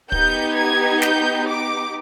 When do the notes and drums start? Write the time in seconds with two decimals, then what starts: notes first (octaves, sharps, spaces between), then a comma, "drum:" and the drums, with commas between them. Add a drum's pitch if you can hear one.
0.12 B3 D#4 G4 G6, drum: kick
0.57 G#6
1.02 G6, drum: snare
1.47 D6